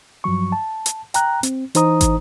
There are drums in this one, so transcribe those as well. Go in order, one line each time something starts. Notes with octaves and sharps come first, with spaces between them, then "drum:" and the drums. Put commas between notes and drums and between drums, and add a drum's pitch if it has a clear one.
G2 F3 F#3 C#6
A5
drum: hi-hat
G5 A#5 F#6, drum: hi-hat
C4, drum: hi-hat
E3 D#4 C5 A#5 D#6, drum: hi-hat
drum: kick, hi-hat